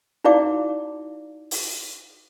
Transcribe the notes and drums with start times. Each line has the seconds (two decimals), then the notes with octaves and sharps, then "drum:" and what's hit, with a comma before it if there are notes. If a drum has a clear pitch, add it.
0.24 D#4 E4 F#4 D5 F5 D6
1.51 drum: open hi-hat